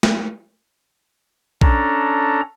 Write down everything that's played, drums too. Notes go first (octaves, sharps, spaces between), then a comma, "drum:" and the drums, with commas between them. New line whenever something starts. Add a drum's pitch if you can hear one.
drum: snare
C#4 D4 A4 A#5, drum: kick A#1